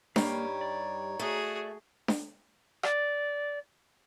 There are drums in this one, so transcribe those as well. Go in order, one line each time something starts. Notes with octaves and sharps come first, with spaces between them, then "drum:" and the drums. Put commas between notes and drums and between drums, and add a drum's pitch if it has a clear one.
G2 G3 A#3 D#4 C#5, drum: snare D4
D5
A3 F#4 G#4
drum: snare D4
D5, drum: rim click